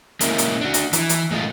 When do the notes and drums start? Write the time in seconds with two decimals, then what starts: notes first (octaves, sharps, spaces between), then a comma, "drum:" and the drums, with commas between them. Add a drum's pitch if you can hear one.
0.21 G#3 A#3 C#4 E4, drum: hi-hat
0.38 drum: hi-hat
0.61 D4 F#4
0.74 drum: hi-hat
0.93 E3, drum: hi-hat
1.09 drum: hi-hat
1.31 A2 G#3 A3 D#4 F4